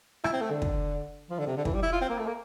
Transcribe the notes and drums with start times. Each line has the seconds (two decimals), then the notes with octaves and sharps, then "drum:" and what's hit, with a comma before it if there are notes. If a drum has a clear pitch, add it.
0.24 E4, drum: rim click
0.33 C4
0.42 A3
0.51 D3
0.62 drum: kick
1.30 F3
1.39 D3
1.47 C3
1.57 D3
1.65 E3, drum: kick
1.74 G3
1.83 E4
1.93 F4
2.01 C4
2.10 A#3
2.19 A3
2.27 A#3